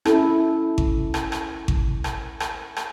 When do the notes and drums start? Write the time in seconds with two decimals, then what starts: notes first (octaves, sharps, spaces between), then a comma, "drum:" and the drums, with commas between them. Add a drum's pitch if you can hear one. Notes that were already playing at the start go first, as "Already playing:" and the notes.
0.05 C#4 E4 A4, drum: rim click
0.78 drum: kick G#1
1.14 drum: rim click
1.32 drum: rim click
1.68 drum: kick G#1
2.04 drum: rim click
2.40 drum: rim click
2.77 drum: rim click